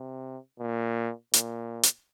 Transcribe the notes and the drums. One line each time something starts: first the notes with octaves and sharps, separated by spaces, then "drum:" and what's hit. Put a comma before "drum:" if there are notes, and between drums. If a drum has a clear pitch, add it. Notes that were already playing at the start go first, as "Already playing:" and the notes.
Already playing: C3
A#2
A#2, drum: hi-hat
drum: hi-hat